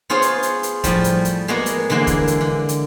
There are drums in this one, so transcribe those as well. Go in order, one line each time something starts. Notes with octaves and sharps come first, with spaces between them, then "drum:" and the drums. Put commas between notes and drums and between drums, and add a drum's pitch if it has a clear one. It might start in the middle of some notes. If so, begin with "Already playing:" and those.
B3 F4 G#4 C5 C#5
drum: hi-hat
drum: hi-hat
drum: hi-hat
A2 F3 G3, drum: kick, hi-hat
drum: hi-hat
drum: hi-hat
G#3 A#3 B3 F#4
drum: hi-hat
D3 E3 G#3 A#3
drum: kick, hi-hat
drum: hi-hat
D3
drum: hi-hat